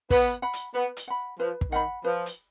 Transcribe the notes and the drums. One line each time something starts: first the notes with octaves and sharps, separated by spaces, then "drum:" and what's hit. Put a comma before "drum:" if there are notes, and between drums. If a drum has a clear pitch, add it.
B3 B4, drum: kick, open hi-hat
F#5 B5
drum: hi-hat
B3 B4
drum: hi-hat
F#5 B5
F3 B4
drum: kick
D#3 F#5 B5
F3 B4
drum: hi-hat